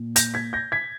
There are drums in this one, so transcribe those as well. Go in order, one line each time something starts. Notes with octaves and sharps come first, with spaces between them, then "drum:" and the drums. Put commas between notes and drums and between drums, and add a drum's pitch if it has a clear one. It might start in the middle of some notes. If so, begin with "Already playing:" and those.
Already playing: A#2
G6 A#6, drum: hi-hat
G#6 B6
G6 A#6
G#6 B6